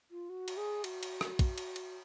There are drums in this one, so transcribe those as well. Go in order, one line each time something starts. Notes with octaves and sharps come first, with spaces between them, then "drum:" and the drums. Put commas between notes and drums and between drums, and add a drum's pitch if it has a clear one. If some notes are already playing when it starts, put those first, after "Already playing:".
F4
F#4
drum: cymbal
G#4
F#4, drum: cymbal
drum: cymbal
drum: rim click
drum: kick A#1, cymbal
drum: cymbal
drum: cymbal